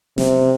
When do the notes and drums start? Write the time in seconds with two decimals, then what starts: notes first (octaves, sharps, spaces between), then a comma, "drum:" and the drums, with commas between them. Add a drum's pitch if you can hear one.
0.18 C3, drum: snare